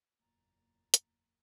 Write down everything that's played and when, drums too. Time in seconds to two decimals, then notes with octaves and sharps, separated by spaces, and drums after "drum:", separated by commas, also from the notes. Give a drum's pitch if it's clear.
0.19 F#1 E2 A#2 A#5 A6
0.94 drum: hi-hat